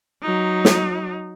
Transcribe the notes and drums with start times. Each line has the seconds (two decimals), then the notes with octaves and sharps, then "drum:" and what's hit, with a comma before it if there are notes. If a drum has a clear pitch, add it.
0.23 F#3 D#4
0.65 drum: snare